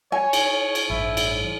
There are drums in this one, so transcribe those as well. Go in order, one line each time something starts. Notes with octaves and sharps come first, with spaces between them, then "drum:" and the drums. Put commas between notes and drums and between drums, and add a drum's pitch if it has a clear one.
C#5 G#5
drum: cymbal
drum: cymbal
A1 G2 E4
drum: cymbal